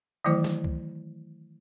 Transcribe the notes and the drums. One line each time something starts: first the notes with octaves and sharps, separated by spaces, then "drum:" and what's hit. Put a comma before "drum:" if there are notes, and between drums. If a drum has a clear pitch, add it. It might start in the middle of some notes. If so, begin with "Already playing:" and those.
D#3 E3 F#3 A3 E4 C5
drum: snare
drum: kick